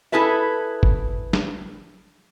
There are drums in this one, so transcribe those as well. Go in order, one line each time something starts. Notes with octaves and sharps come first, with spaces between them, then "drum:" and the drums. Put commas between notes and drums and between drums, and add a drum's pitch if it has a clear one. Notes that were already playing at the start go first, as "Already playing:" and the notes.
E4 G#4 A4 B4 E5
drum: kick
drum: snare